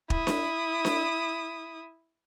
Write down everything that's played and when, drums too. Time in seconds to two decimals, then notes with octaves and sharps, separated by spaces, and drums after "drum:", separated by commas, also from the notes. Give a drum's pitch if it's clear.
0.10 E4 D#6, drum: kick
0.27 drum: snare D4
0.85 drum: snare D4